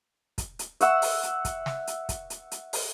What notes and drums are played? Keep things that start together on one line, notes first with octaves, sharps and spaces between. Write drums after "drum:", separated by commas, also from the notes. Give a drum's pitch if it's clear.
drum: kick, hi-hat
drum: hi-hat
E5 F#5 E6, drum: hi-hat
drum: open hi-hat
drum: hi-hat
drum: kick, hi-hat
drum: snare
drum: hi-hat
drum: kick, hi-hat
drum: hi-hat
drum: hi-hat
drum: open hi-hat